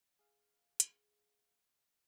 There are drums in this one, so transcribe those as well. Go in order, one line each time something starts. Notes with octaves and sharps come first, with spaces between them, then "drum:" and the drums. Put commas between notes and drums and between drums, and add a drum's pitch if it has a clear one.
G#4 F5
drum: hi-hat